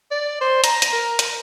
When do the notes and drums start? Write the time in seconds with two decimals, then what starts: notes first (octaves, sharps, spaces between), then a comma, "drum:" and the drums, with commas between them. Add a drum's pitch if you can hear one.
0.11 D5
0.41 C5
0.64 A#5, drum: hi-hat
0.82 drum: hi-hat
0.93 A#4
1.19 drum: hi-hat